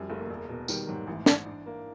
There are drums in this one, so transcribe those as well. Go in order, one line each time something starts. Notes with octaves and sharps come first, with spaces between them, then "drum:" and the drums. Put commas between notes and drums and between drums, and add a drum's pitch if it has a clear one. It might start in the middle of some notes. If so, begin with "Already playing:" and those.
Already playing: F#2 F3 G3
F#1 A3
A#3
E1
B2
D#3 G3, drum: tambourine
G#2 F#3
A1 E3
G#2, drum: snare
D4
A#3